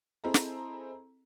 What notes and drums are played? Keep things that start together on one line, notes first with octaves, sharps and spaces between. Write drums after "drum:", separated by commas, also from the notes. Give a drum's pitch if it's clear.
C4 E4 G#4 A4 D#5 A#5
drum: snare